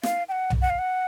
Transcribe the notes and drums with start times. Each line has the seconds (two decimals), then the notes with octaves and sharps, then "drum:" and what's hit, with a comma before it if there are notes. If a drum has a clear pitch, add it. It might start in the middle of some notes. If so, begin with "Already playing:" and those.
0.03 F5, drum: snare
0.29 G5
0.32 F#5
0.50 drum: tom B1
0.61 F#5
0.70 F5
0.79 F#5